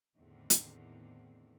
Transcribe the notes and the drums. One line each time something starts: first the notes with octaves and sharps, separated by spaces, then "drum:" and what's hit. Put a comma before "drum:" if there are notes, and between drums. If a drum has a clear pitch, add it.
E2 A2 D3 D#3 C4
drum: hi-hat